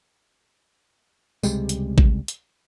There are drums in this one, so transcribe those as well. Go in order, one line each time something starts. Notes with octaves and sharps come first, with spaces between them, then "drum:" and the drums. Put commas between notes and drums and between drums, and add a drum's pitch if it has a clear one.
C#2 C3 G3 G#3, drum: tambourine
drum: hi-hat
drum: kick A1
drum: hi-hat